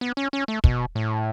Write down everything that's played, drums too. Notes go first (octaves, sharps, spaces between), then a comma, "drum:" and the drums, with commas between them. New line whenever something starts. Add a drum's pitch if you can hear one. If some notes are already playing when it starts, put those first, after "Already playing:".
B3
C#4
C#4
A3
B2, drum: kick
A2